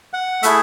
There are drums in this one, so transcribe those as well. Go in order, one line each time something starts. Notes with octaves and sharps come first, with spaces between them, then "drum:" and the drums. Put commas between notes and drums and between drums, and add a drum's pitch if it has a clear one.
F#5
A3 E4 G#4 E5, drum: hi-hat